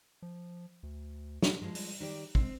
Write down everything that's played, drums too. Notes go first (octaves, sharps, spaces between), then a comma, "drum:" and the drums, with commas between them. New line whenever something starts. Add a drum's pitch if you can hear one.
F3
D2
drum: snare
G2 F3 G#3
G3, drum: open hi-hat
D#3 G4 D5
G#3 C4, drum: kick